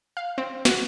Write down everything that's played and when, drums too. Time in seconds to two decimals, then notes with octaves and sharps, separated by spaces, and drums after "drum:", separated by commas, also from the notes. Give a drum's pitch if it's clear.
0.17 F5
0.38 C4
0.65 F#4, drum: snare